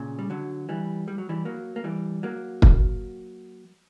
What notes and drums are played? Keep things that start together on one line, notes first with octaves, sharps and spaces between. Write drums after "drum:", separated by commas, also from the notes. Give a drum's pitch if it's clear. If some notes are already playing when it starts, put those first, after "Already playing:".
Already playing: A#2 C#3
G3
D3 F#3
E3 G3
G3
F#3
E3 G3
F#3 A#3
A#3
E3 G3
F#3 A#3
drum: kick